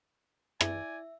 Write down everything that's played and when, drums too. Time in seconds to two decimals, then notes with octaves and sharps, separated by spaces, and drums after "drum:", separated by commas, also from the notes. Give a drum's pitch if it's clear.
0.61 E4 D5 E5 G#5, drum: rim click